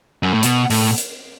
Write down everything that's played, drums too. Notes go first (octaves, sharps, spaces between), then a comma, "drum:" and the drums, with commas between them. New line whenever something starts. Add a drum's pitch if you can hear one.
F#2
A2
B2, drum: hi-hat
A2, drum: open hi-hat
drum: hi-hat